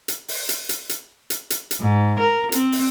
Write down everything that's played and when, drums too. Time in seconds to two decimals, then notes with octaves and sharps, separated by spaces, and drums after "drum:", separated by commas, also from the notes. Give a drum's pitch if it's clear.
0.08 drum: hi-hat
0.28 drum: open hi-hat
0.49 drum: hi-hat
0.69 drum: hi-hat
0.89 drum: hi-hat
1.30 drum: hi-hat
1.50 drum: hi-hat
1.71 drum: hi-hat
1.80 G#2
2.20 A#4
2.52 C4, drum: hi-hat
2.72 drum: open hi-hat